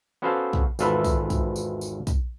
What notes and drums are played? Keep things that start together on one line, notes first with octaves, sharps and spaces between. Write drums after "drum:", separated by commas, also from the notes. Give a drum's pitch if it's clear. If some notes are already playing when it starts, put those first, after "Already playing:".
B3 C#4 F#4 A4 C5 F5
drum: kick
G#1 E2 F4 A4 B4 E5, drum: tambourine
drum: kick, tambourine
drum: kick, tambourine
drum: tambourine
drum: tambourine
drum: kick, tambourine